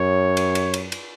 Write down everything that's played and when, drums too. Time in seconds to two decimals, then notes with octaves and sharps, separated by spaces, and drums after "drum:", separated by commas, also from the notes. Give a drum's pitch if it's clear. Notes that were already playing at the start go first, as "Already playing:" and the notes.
Already playing: F#2 C#5
0.37 drum: cymbal
0.55 drum: cymbal
0.74 drum: cymbal
0.92 drum: cymbal